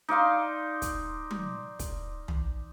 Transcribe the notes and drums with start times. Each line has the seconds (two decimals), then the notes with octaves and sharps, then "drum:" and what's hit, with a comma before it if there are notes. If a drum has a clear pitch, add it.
0.09 D#4 D5 F5 C6
0.82 drum: kick, hi-hat
1.31 drum: tom F#3
1.79 drum: kick, hi-hat
2.28 drum: tom